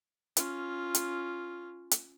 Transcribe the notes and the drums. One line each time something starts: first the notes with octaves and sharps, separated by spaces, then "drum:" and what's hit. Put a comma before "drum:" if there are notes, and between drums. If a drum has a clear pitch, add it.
C#4 F4, drum: hi-hat
drum: hi-hat
drum: hi-hat